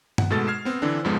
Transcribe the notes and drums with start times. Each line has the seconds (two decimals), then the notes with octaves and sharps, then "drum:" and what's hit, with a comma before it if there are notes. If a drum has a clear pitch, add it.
0.18 F#5, drum: tom G2
0.30 G#2 B2 G#3 A3 A4 A6
0.47 F6 G#6 C7 E7
0.65 B3 C4
0.82 D3 E3 C4 D4
1.05 F2 G#2 C#3 F3 G#3 B3